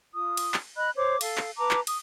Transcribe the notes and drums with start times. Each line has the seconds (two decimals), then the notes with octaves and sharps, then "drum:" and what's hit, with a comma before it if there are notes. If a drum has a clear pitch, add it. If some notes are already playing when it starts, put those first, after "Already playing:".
0.14 F4 D#6
0.37 drum: cymbal
0.54 drum: clap
0.76 D#5 B5 F#6
0.96 C5 C#5 D6
1.21 A4 F5, drum: cymbal
1.37 drum: clap
1.58 B4 A5 A#5 D6
1.71 drum: clap
1.87 D#6, drum: cymbal